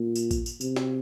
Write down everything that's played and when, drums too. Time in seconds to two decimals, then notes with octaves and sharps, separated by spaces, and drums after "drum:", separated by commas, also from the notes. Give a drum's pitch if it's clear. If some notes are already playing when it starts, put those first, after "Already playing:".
Already playing: A#2
0.16 drum: tambourine
0.31 drum: kick, tambourine
0.46 drum: tambourine
0.61 C3, drum: tambourine
0.76 drum: snare